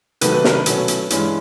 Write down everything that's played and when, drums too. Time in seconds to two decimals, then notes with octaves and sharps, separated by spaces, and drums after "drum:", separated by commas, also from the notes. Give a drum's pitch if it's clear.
0.21 C3 D#3 F#3 A3 B4, drum: hi-hat
0.32 B4
0.44 A#4, drum: snare
0.54 B4
0.66 B2 F#3 A3 C#4, drum: hi-hat
0.88 drum: hi-hat
1.10 G2 E3 G#3 C#4, drum: hi-hat